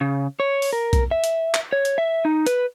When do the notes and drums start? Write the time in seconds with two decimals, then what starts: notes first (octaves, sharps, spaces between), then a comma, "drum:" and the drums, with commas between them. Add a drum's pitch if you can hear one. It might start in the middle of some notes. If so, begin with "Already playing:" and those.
0.01 C#3
0.40 C#5
0.62 drum: open hi-hat
0.73 A#4
0.93 drum: kick B1, hi-hat
1.11 E5
1.24 drum: hi-hat
1.54 drum: clap
1.73 C#5
1.85 drum: hi-hat
1.98 E5
2.25 D#4
2.47 B4, drum: hi-hat